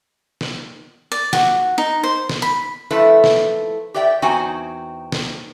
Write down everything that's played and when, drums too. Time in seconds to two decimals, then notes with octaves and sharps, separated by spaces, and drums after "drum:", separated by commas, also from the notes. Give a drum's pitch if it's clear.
0.41 drum: snare
1.12 D5
1.33 F#4, drum: snare
1.78 D#4
2.03 C5
2.29 drum: snare
2.42 B5
2.90 F3 A3 E4 B4 E5
3.24 drum: snare
3.94 G4 B4 D5 E5 G5
4.22 E2 C4 D#4 F#4 G5 G#5
5.12 drum: snare